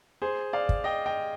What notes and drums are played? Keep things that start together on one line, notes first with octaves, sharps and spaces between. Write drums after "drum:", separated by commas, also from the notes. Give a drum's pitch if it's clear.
G#4 C5
D5 F5
drum: kick
D#5 G5
D#5 G5